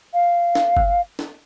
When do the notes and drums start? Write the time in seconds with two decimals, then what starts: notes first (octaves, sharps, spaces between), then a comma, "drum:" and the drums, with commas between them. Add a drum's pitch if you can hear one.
0.13 F5
0.55 drum: snare
0.77 drum: kick G1
1.19 drum: snare